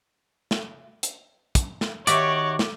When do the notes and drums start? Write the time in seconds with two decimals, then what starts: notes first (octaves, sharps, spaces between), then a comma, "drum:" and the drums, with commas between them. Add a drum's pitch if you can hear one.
0.51 drum: snare
1.03 drum: hi-hat
1.55 drum: kick, hi-hat
1.81 drum: snare
2.07 D#3 F#4 G4 C#5 D5 E5 D6, drum: hi-hat
2.59 drum: snare